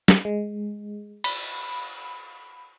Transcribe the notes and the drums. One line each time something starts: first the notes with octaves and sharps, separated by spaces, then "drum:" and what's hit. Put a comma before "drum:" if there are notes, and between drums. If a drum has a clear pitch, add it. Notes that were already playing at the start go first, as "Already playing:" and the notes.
drum: snare
G#3
B5, drum: cymbal